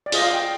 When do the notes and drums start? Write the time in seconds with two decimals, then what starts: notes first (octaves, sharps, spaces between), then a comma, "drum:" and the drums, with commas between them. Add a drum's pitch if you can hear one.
0.06 D5
0.12 F4 G#4 C5 D#5, drum: open hi-hat
0.22 F5
0.34 G5